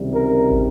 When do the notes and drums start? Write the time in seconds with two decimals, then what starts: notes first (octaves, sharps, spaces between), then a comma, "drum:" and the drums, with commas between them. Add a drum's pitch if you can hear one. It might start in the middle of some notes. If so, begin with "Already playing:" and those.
Already playing: C#2 C3 D#3 G3
0.14 A#4
0.51 drum: kick